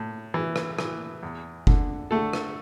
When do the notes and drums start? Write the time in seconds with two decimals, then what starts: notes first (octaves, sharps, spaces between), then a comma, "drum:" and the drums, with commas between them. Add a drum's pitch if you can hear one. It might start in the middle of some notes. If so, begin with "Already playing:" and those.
Already playing: A2
0.34 E3
0.56 drum: rim click
0.79 E3, drum: rim click
1.23 E2
1.67 D3, drum: kick F#1
2.11 D3 A3 A4
2.33 drum: rim click